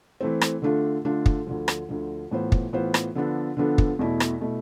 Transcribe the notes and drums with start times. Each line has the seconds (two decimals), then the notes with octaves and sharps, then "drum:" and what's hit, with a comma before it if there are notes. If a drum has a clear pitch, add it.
0.21 E3 A3 C4
0.41 drum: rim click
0.62 D3 A3 D4 F4 A4
1.05 D3 A3 D4 F4 A4
1.26 drum: kick
1.47 D2 D3 F3
1.68 drum: rim click
1.89 D2 D3 F3
2.31 A2 E3 B3 F4 C5
2.52 drum: kick
2.73 A2 E3 B3 F4 C5
2.94 drum: rim click
3.15 D3 F3 B3 D4 A4
3.57 D3 F3 B3 D4 A4
3.78 drum: kick
3.99 E2 B2 A3 E4
4.20 drum: rim click
4.41 B2 A3 E4